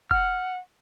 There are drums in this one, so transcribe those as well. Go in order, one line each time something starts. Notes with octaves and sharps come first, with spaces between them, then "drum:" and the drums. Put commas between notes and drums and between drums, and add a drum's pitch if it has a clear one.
F#5 F6, drum: kick F1